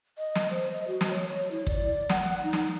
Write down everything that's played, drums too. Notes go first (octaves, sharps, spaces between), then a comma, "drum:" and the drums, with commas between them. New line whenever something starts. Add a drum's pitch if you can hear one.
D#5
drum: snare
C5
D#5
F#4
drum: snare
C#5
C#5
E4
D5, drum: kick
F#5, drum: snare
D#4
drum: snare